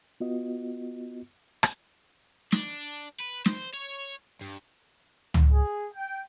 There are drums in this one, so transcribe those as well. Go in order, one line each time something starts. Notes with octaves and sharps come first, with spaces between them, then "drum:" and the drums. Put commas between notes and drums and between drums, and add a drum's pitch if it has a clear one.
B3 F4 F#4 D#5
drum: rim click
D4, drum: snare
B4
C5, drum: snare
C#5
G2
drum: tom C#2
G#4
G5